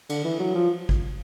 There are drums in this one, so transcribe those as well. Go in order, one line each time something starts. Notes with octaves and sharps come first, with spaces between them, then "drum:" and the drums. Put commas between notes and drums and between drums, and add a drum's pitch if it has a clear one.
D3, drum: cymbal
E3
F#3
F3
drum: kick G#1